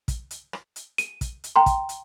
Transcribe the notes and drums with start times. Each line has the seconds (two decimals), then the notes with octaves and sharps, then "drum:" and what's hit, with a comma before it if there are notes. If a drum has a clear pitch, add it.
0.08 drum: kick, hi-hat
0.31 drum: hi-hat
0.53 drum: rim click
0.76 drum: hi-hat
0.98 D#7, drum: hi-hat
1.21 drum: kick, hi-hat
1.44 drum: hi-hat
1.56 G5 A#5 C6
1.66 drum: kick, hi-hat
1.89 drum: hi-hat